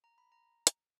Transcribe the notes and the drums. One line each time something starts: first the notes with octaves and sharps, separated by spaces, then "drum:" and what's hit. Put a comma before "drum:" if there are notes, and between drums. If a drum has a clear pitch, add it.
A#5
B5
A#5
drum: hi-hat